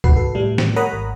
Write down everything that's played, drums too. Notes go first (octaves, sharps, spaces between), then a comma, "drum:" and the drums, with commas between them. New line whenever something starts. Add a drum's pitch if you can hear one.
C2 G#2 F#4 B4 C7, drum: kick
A4
A2 G3 A3
drum: snare
A#4 C#5 F#5 A#5 B5 D#6
G#1